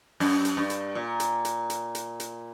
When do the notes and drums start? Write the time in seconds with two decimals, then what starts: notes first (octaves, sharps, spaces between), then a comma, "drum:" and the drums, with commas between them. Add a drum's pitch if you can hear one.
0.20 F#2, drum: open hi-hat
0.45 drum: hi-hat
0.57 G2
0.70 drum: hi-hat
0.95 A#2
1.20 drum: hi-hat
1.45 drum: hi-hat
1.70 drum: hi-hat
1.95 drum: hi-hat
2.20 drum: hi-hat